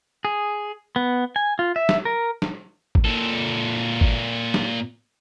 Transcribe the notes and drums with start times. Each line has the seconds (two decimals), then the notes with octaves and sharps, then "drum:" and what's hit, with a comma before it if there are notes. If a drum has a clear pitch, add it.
0.25 G#4
0.96 B3
1.36 G#5
1.59 F4
1.76 E5
1.89 drum: snare
2.05 A#4
2.42 drum: snare
2.95 drum: kick G#1
3.05 A#2 A4
4.01 drum: kick G#1
4.54 drum: snare